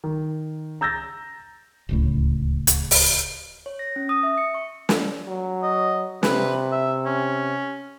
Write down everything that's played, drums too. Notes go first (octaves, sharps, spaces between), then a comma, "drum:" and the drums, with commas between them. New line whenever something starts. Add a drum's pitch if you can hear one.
D#3
A#5 E6 G6 A6 A#6
D1 C#2 A2
drum: hi-hat
drum: open hi-hat
C#5
A#6
C#4
D#6
E5
C#7
C#6
drum: snare
F#3
D#5
C3 B4, drum: snare
E5
C#4